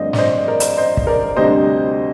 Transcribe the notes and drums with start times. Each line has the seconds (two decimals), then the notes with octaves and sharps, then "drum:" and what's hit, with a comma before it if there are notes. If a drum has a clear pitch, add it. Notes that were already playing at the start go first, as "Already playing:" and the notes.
Already playing: G2 D3 F3 A3 C4 C5 D5 D#5
0.13 D5, drum: snare
0.18 C5 D#5
0.48 A#4 D5
0.60 drum: hi-hat
0.78 C5 D#5
0.97 drum: kick
1.07 A#4 D5
1.36 D2 C3 G3 D4 C5 D#5